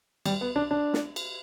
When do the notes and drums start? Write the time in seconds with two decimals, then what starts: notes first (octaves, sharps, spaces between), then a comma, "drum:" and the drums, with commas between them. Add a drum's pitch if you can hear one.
0.25 G3, drum: cymbal
0.41 B3
0.56 D4
0.71 D4
0.94 drum: snare
1.16 drum: cymbal